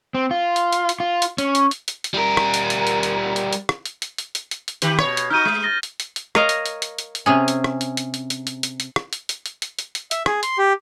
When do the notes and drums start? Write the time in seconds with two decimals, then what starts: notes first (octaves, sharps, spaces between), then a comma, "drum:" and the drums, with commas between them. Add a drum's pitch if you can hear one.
0.14 C4
0.31 F4
0.56 drum: hi-hat
0.73 drum: hi-hat
0.89 drum: hi-hat
1.00 F4
1.22 drum: hi-hat
1.38 C#4, drum: hi-hat
1.55 drum: hi-hat
1.71 drum: hi-hat
1.88 drum: hi-hat
2.04 drum: hi-hat
2.14 G3 A#4
2.37 drum: rim click
2.54 drum: hi-hat
2.70 drum: hi-hat
2.87 drum: hi-hat
3.03 drum: hi-hat
3.36 drum: hi-hat
3.53 drum: hi-hat
3.69 drum: rim click
3.86 drum: hi-hat
4.02 drum: hi-hat
4.18 drum: hi-hat
4.35 drum: hi-hat
4.51 drum: hi-hat
4.68 drum: hi-hat
4.82 D#3 G4 B4, drum: hi-hat
4.99 B2 C#5, drum: rim click
5.17 drum: hi-hat
5.30 D#4 F#4 F6 G6 D#7
5.45 G#3
5.63 A6 A#6 G7
5.83 drum: hi-hat
6.00 drum: hi-hat
6.16 drum: hi-hat
6.35 A#4 C#5 D#5 F5 A#5, drum: rim click
6.49 drum: hi-hat
6.66 drum: hi-hat
6.82 drum: hi-hat
6.99 drum: hi-hat
7.15 drum: hi-hat
7.26 C3 C#4 G#4
7.48 drum: hi-hat
7.64 drum: rim click
7.81 drum: hi-hat
7.97 drum: hi-hat
8.14 drum: hi-hat
8.30 drum: hi-hat
8.47 drum: hi-hat
8.63 drum: hi-hat
8.80 drum: hi-hat
8.96 drum: rim click
9.13 drum: hi-hat
9.29 drum: hi-hat
9.46 drum: hi-hat
9.62 drum: hi-hat
9.79 drum: hi-hat
9.95 drum: hi-hat
10.11 E5, drum: hi-hat
10.26 G#4, drum: rim click
10.43 C6, drum: hi-hat
10.58 G4